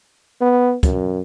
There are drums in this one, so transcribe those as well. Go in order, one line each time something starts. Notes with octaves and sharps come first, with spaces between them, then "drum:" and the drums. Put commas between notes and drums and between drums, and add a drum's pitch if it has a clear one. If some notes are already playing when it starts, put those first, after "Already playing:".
B3
F#2, drum: kick, hi-hat